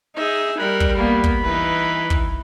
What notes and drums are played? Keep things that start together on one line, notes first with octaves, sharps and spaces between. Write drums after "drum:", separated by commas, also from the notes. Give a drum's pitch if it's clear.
D#4 G#4 E5
G3 A#4 B5 F#6
drum: kick
A#3 B3 B5
drum: kick
E3 D#4 B4
drum: kick